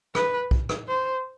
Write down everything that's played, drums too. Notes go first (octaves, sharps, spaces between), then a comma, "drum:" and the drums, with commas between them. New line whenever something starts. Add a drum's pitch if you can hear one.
B4, drum: rim click
drum: kick
drum: rim click
C5